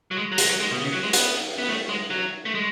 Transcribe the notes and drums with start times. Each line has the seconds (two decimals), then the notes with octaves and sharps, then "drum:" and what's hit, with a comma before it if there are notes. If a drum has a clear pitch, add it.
0.11 F#3
0.17 G#3
0.32 F#3
0.38 G#3, drum: hi-hat
0.50 F#3
0.60 G#3
0.71 B2
0.82 C#3
0.93 F#3
1.03 G#3
1.13 B3, drum: hi-hat
1.58 B3
1.68 A3
1.89 G#3
2.10 F#3
2.45 A3
2.55 G#3